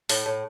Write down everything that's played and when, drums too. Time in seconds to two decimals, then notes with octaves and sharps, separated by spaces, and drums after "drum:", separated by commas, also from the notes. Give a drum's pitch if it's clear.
0.09 A2, drum: open hi-hat
0.26 A2